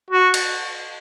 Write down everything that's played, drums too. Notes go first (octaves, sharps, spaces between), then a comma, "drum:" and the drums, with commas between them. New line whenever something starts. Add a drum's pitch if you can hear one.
F#4
drum: cymbal